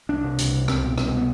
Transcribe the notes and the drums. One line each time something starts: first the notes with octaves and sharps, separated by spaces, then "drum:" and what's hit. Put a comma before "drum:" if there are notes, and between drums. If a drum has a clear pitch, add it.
C2 D4
C3
C2, drum: hi-hat
C3
C2 C4, drum: rim click
B2
C2 C4, drum: rim click
C4
B2 B3